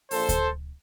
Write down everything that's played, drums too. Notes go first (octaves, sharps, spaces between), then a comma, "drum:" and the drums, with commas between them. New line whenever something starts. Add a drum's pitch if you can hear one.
A#1 A#2 A4 C5, drum: open hi-hat
drum: kick D2, hi-hat